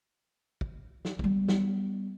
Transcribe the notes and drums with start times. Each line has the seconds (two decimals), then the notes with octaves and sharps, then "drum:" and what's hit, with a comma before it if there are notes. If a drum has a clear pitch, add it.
0.61 drum: kick
1.05 drum: snare
1.19 G3 B3, drum: kick
1.48 drum: snare